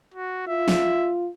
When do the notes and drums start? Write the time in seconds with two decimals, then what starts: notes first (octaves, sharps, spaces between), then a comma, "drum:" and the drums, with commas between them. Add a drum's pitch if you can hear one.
0.15 F#4
0.48 F4 E5
0.68 drum: snare